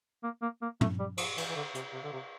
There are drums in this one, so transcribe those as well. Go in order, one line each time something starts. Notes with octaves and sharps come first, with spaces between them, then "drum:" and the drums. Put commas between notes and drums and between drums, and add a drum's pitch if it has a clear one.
A#3
A#3
A#3
A3, drum: tom
G3
F3, drum: cymbal
E3, drum: cymbal
E3
D3
C3, drum: hi-hat
C3
D3
C3